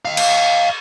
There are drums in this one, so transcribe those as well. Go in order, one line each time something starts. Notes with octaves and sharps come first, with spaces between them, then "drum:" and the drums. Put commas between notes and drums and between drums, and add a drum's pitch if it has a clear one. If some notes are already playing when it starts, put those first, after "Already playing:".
D#5 F5
drum: cymbal